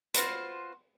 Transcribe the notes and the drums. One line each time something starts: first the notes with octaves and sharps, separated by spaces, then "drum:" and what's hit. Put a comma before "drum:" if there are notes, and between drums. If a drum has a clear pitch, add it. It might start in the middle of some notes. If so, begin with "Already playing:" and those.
F4 F#4 B4 C5, drum: hi-hat